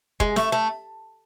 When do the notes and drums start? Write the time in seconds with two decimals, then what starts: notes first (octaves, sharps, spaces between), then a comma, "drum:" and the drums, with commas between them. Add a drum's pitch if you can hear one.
0.20 G#3, drum: kick
0.36 A3, drum: snare
0.52 A3